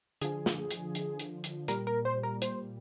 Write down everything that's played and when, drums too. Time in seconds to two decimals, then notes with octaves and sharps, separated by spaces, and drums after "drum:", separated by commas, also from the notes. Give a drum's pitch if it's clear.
0.21 D3 F3 G#4, drum: hi-hat
0.46 drum: snare
0.71 drum: hi-hat
0.95 drum: hi-hat
1.19 drum: hi-hat
1.44 drum: hi-hat
1.68 A#2 G3 A#4, drum: hi-hat
1.87 A#4
2.05 C5
2.23 A#4
2.42 C5, drum: hi-hat